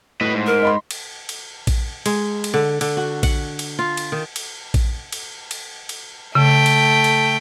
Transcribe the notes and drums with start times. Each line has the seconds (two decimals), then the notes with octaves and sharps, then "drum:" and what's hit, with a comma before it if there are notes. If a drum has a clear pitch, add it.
0.21 A2 B4 D#5
0.34 G#2
0.47 A#4
0.62 D#5 B5 C6
0.91 drum: cymbal
1.29 drum: cymbal
1.67 drum: kick A#1, cymbal
2.06 G#3, drum: cymbal
2.44 drum: cymbal
2.54 D3
2.81 D3, drum: cymbal
2.97 F#4
3.23 F#5, drum: kick A#1, cymbal
3.59 drum: cymbal
3.79 F4
3.97 drum: cymbal
4.12 D#3
4.36 drum: cymbal
4.74 drum: kick A#1, cymbal
5.12 drum: cymbal
5.51 drum: cymbal
5.89 drum: cymbal
6.35 C#3 A3 G5
6.66 drum: cymbal
7.04 drum: cymbal